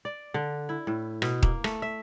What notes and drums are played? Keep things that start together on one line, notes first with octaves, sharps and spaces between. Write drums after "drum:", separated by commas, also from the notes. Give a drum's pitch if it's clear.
D5
D3
E4
A2
B2, drum: rim click
A#3, drum: kick D#1
A3, drum: rim click
E5